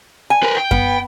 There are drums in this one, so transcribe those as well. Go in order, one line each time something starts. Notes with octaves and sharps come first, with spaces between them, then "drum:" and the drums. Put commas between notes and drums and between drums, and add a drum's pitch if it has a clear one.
G#5
A#4 B4
G5
B3, drum: kick F#2